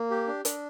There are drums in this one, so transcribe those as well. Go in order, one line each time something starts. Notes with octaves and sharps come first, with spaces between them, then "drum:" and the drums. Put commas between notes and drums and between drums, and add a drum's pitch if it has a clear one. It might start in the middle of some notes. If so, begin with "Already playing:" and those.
Already playing: A#3
G4
D4
D4, drum: hi-hat